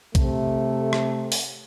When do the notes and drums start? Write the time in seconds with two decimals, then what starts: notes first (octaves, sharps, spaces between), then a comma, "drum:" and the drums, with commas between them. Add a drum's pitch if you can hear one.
0.15 C3 A3, drum: kick A#1, hi-hat
0.93 drum: rim click
1.32 drum: open hi-hat